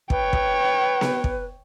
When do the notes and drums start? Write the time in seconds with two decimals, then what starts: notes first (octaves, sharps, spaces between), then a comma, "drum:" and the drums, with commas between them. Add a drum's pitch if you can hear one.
0.10 B4 C#5 G5, drum: kick
0.33 drum: kick
1.01 drum: snare B3
1.24 drum: kick